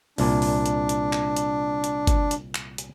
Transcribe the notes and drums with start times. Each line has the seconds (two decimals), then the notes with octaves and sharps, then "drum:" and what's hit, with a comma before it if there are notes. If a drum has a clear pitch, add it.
0.18 C2 A#2 D4, drum: open hi-hat
0.42 drum: open hi-hat
0.66 drum: hi-hat
0.89 drum: hi-hat
1.13 drum: clap
1.37 drum: hi-hat
1.84 drum: hi-hat
2.07 drum: kick, hi-hat
2.31 drum: hi-hat
2.55 drum: clap
2.78 drum: hi-hat